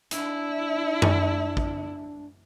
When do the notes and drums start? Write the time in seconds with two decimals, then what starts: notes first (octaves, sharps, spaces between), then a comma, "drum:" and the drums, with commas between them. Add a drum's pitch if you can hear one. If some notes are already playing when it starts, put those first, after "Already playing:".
0.11 D4 E4, drum: hi-hat
1.02 drum: tom F#2
1.57 drum: kick